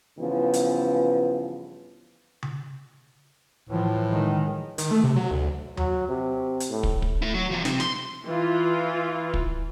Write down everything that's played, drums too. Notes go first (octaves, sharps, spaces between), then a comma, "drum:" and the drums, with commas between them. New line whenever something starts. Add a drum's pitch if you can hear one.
G2 C#3 E3 F3 B3
drum: hi-hat
drum: tom C#3
A2 E3 F3
D#3 G#3
D#3, drum: hi-hat
A3
C3
F#3
D2
F#3, drum: tom D#2
C3
drum: hi-hat
A2
drum: kick
drum: kick
A3 E4
F#3
E2 F3
C3, drum: snare
C6, drum: snare
E3 F4
drum: kick